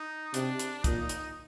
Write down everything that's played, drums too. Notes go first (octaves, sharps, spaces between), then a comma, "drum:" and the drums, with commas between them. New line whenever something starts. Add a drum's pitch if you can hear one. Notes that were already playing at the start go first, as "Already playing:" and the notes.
Already playing: D#4
C3 D4, drum: hi-hat
drum: hi-hat
A#2 D#4, drum: kick, hi-hat
drum: hi-hat